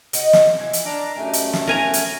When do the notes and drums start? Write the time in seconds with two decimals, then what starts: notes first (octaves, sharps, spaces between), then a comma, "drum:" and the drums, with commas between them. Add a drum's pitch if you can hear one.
0.13 D#4 F#4 D#5, drum: hi-hat
0.33 drum: snare
0.60 E3 E4 F4
0.73 drum: hi-hat
0.85 D4 A#4 A#5 D6
1.16 F#2 A3 D#4 G4 G#5
1.33 drum: hi-hat
1.53 drum: snare
1.68 A#4 B4 F5 G#5 A#5
1.93 drum: hi-hat